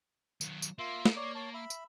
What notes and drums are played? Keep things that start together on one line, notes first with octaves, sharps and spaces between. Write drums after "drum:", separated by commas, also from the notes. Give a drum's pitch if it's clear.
D#3 F#3, drum: tambourine
drum: tambourine
A#3 F4 E5
drum: snare
C#5 D5
C#5 A5
E5 B5
drum: tambourine